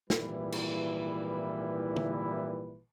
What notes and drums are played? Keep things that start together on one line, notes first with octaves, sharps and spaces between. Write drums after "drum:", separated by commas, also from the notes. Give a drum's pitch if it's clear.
G#1 A#2 E3 G3 E4 B4, drum: snare
drum: cymbal
drum: tom